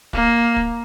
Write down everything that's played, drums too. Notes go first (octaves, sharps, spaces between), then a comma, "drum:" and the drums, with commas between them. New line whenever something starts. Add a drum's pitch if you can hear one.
A#3, drum: kick
drum: kick